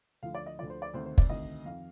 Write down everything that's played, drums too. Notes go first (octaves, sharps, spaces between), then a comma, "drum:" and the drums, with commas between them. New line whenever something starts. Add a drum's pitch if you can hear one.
D2 D3 F3 F5
D5
D#5
D2 D3 F3 D5
C5
D5
D2 C3 D#3 C5
C5
D5, drum: kick
D2 C3 D#3 D#5
F2 D#3 F5